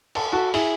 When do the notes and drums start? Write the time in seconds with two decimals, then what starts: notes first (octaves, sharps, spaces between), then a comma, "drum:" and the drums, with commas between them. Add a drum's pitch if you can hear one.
0.15 A4, drum: cymbal
0.32 F#4 A4
0.54 E4 G#4, drum: open hi-hat